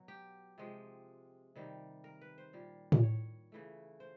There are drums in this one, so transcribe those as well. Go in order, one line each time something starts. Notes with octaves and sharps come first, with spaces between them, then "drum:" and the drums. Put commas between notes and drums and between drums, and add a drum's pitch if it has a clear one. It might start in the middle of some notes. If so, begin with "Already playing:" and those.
Already playing: B2 F#3
G4
C3 F3 G#3
C3 D#3 G3
A#4
B4
C5
A#2 G3
drum: tom A2
C#5
C#3 E3 A3
C5